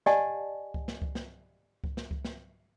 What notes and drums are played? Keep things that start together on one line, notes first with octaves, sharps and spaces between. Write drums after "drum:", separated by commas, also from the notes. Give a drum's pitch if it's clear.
G4 D5 D#5 F#5 G#5 A5, drum: snare
drum: kick C#2
drum: snare
drum: kick C#2
drum: snare
drum: kick C#2
drum: snare
drum: kick C#2
drum: snare